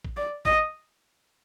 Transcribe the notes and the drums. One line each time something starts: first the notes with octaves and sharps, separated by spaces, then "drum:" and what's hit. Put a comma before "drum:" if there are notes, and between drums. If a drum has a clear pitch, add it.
drum: kick
D5
D#5, drum: kick